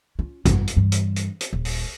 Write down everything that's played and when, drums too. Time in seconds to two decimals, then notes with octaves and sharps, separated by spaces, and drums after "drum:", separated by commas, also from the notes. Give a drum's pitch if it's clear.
0.19 C#4 F4
0.45 G2, drum: kick, hi-hat
0.67 drum: hi-hat
0.77 G2 E3
0.92 drum: hi-hat
1.16 drum: hi-hat
1.41 drum: hi-hat
1.53 D#1
1.65 drum: open hi-hat